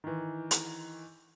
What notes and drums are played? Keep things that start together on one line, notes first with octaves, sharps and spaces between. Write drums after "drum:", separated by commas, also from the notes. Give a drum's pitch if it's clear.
D#3 E3
drum: hi-hat